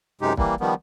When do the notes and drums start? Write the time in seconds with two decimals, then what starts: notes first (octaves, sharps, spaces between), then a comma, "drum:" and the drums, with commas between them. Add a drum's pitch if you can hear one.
0.21 F#2 C3 G#3 D#4 G4
0.37 E3 G3 A#3, drum: kick
0.61 D#3 F3 G3 B3